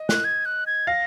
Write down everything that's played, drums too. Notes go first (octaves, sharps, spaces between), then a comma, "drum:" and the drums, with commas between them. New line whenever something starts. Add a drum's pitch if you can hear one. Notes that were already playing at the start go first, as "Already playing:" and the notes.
Already playing: D#5
F#6, drum: snare
G#6
F#6
G#6
F5 A#6